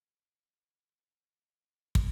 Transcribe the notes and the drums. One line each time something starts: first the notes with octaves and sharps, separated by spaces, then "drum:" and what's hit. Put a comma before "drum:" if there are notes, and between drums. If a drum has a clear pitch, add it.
F3
D3
A#2
drum: kick